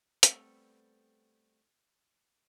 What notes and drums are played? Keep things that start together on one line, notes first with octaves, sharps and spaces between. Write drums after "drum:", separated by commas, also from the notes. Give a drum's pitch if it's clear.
G3 A3 B3 C4 A4, drum: hi-hat